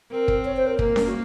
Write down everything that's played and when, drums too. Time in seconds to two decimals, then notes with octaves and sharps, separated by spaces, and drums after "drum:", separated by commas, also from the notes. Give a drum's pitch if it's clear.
0.11 C4 A#4
0.28 drum: kick
0.45 C#5
0.57 C5
0.67 A#4
0.79 A#3 A#4, drum: kick
0.96 drum: snare C#4
1.07 F#4